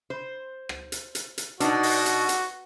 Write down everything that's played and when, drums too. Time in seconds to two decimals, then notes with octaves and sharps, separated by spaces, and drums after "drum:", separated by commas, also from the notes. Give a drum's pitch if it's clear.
0.10 C5
0.69 drum: rim click
0.92 drum: hi-hat
1.15 drum: hi-hat
1.38 drum: hi-hat
1.60 B2 D4 D#4 F#4, drum: hi-hat
1.83 drum: open hi-hat
2.06 drum: hi-hat
2.29 drum: hi-hat